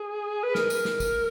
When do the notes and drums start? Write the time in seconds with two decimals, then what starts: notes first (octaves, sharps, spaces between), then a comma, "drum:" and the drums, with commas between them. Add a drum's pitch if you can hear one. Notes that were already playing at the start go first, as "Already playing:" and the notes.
Already playing: G#4
0.44 B4
0.55 A#4, drum: snare
0.70 drum: tambourine
0.85 drum: snare
1.00 drum: kick, tambourine